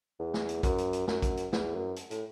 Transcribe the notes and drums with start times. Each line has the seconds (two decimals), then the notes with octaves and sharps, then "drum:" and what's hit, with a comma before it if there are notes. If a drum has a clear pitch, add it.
0.20 E2
0.34 drum: snare
0.49 drum: hi-hat
0.63 F#2, drum: kick A#1, hi-hat
0.78 drum: hi-hat
0.93 drum: hi-hat
1.08 F#2, drum: snare
1.22 drum: kick A#1, hi-hat
1.37 drum: hi-hat
1.53 E2, drum: snare
1.74 F#2
1.96 drum: hi-hat
2.11 A2, drum: hi-hat